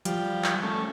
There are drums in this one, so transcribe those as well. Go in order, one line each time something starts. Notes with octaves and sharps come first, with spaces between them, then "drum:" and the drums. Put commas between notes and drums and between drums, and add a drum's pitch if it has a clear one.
F3 G3, drum: hi-hat
drum: clap
A3 C#4